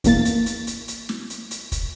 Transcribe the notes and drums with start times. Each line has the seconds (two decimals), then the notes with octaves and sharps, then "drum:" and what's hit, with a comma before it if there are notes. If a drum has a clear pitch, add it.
0.04 A#1 E2 A#3 A6, drum: kick, hi-hat
0.25 drum: hi-hat
0.46 drum: hi-hat
0.67 drum: hi-hat
0.88 drum: hi-hat
1.09 drum: snare
1.30 drum: hi-hat
1.51 drum: hi-hat
1.72 drum: kick, hi-hat